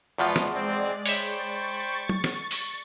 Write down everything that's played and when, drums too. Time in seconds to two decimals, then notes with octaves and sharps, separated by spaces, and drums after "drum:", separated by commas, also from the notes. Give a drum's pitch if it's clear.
0.18 E2 B2 F3 G#3 B3 F4 D5
0.36 drum: snare
0.54 C4
1.06 C5 C#5 E5 G5 B5 C#6 A6, drum: open hi-hat
2.09 drum: tom
2.24 drum: snare
2.51 drum: open hi-hat